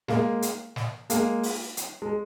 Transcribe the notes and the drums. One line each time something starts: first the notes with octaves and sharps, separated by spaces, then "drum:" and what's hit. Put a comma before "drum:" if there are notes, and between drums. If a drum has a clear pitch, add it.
G#3 A#3, drum: snare
drum: hi-hat
drum: snare
G#3 A#3, drum: hi-hat
drum: open hi-hat
drum: hi-hat
G#3